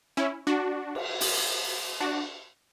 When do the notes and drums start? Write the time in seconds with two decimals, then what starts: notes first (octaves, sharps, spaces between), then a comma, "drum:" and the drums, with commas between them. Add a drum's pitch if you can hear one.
0.17 C#4 E4
0.47 D4 F#4
0.95 drum: cymbal
1.21 drum: open hi-hat
2.00 D4 F#4